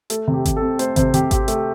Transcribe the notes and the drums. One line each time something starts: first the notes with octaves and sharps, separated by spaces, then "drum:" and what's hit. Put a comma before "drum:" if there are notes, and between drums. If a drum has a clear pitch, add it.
A3 A4, drum: hi-hat
C3
G4
C3, drum: kick G#1, hi-hat
A4
C4
A3 C5, drum: hi-hat
C3 C5, drum: kick G#1, hi-hat
C3 G4, drum: hi-hat
C4 G4, drum: kick G#1, hi-hat
A3, drum: hi-hat